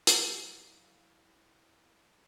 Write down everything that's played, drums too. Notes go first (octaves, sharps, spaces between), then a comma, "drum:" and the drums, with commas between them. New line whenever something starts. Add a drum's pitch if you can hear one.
E3 F#3 F5, drum: hi-hat